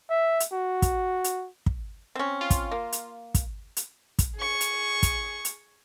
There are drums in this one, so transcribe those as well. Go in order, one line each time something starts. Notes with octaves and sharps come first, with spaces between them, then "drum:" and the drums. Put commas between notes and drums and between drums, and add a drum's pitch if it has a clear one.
E5
drum: hi-hat
F#4
drum: kick, hi-hat
drum: hi-hat
drum: kick
C4 C#4
F4
drum: kick, hi-hat
A#3
drum: hi-hat
drum: kick, hi-hat
drum: hi-hat
drum: kick, hi-hat
G#4 C#6
drum: hi-hat
drum: kick, hi-hat
drum: hi-hat